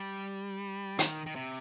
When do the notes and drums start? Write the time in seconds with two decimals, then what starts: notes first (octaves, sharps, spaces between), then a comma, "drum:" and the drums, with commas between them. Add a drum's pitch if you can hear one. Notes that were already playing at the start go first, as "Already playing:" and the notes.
Already playing: G3
0.99 D#3, drum: hi-hat
1.26 D#3
1.36 C3